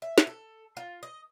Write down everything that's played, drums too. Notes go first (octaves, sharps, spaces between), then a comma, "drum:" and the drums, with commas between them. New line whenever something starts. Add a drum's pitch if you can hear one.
E5
drum: snare
A4
F4
D#5